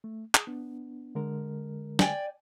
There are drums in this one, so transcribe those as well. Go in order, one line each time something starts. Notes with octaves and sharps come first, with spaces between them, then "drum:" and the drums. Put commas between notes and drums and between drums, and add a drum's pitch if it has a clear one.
A3
G#4 D#6, drum: clap
B3 D4
D3 G#3 A#4
D5 G5 G#5, drum: snare